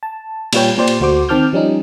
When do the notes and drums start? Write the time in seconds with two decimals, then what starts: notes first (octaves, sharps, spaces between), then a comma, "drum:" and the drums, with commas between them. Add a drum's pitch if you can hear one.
0.03 A5
0.53 A#2 G3 F4 B4 C#5 G5, drum: cymbal
0.78 A#2 G4 C5 D5 C6
0.88 drum: cymbal
1.00 D2 A3 F#4 C5 D6
1.29 D#3 C4 A5 D6 F6 G6
1.53 F3 G3 C#4 D#4